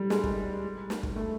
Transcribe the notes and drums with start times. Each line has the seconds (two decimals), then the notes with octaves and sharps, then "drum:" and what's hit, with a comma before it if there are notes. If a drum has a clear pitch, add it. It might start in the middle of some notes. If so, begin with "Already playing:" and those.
Already playing: G3
0.10 G#3, drum: snare
0.24 drum: kick
0.90 drum: snare
1.03 drum: kick
1.16 A3